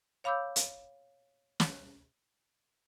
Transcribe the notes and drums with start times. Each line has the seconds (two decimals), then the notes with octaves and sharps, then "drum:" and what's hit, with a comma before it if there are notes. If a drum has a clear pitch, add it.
0.24 C#5 F5 B5 D6 E6 G6
0.56 drum: hi-hat
1.60 drum: snare